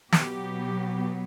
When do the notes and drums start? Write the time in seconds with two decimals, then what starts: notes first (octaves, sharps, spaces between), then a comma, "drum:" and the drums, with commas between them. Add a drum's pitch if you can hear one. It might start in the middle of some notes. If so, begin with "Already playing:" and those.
0.12 B2 F#3 B3 G4, drum: snare